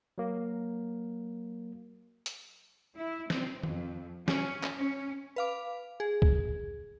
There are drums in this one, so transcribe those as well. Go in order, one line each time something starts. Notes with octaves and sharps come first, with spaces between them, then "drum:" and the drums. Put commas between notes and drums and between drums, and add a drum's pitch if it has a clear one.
F#3 A#3
drum: hi-hat
E4
C4, drum: snare
F2, drum: tom D#3
C#4, drum: snare
drum: clap
C#4
B4 F5 D6
G#4
drum: kick